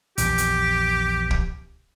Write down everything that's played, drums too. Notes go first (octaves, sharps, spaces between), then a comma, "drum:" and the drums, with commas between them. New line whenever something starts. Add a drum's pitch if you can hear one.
A#1 E2 E3 G4, drum: hi-hat
drum: hi-hat
drum: kick